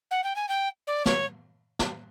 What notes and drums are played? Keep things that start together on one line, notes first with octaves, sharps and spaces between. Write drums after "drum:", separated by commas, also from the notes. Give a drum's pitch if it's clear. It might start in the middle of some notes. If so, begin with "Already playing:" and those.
F#5
G5
G#5
G5
D5
C#5, drum: snare
drum: snare